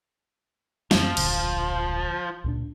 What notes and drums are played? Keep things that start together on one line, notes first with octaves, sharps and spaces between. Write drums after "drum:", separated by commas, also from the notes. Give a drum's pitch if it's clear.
F#2 F3 A#3, drum: snare
D1 A#1 D3, drum: cymbal
C#2 A#2 D4